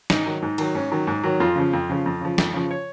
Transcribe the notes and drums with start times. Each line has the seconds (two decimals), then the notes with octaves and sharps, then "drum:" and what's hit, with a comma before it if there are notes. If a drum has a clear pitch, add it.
0.10 G#2 D#4, drum: snare
0.26 D#3 F#3
0.42 G#2
0.58 D#3 F#3, drum: cymbal
0.75 G#2 C#4
0.92 D#3 F#3
1.07 G#2
1.23 D#3 F#3
1.40 F2 F4
1.56 C#3 F3
1.73 F2
1.89 C#3 F3
2.06 F2
2.21 C#3 F3
2.38 F2, drum: snare
2.54 C#3 F3
2.71 C#5